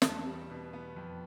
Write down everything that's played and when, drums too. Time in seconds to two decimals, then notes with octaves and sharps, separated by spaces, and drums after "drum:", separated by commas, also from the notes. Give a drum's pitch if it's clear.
0.02 E2 A5, drum: snare
0.26 G3
0.50 B2
0.73 B3
0.96 F2